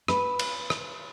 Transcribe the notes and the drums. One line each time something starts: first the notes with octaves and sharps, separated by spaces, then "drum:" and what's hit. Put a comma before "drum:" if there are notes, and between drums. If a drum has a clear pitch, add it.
B4, drum: rim click
drum: cymbal
drum: rim click